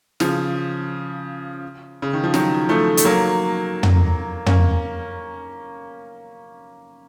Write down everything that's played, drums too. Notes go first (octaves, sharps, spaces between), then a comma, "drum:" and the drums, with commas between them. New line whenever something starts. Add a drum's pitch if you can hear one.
C#3 F3, drum: snare
C#3
D#3
F3
D#3 F#3, drum: snare
F3 A3
A3, drum: hi-hat
F#3 A#3
drum: tom
A#3 C#4, drum: tom